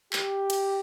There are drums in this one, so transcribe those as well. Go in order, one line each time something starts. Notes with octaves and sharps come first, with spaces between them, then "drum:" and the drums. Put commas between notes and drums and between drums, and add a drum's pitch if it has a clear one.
G4, drum: clap
drum: cymbal